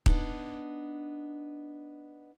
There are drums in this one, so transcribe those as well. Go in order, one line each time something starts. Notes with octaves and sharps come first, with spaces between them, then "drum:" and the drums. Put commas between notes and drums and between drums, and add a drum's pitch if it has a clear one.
B3 D4 D#4, drum: kick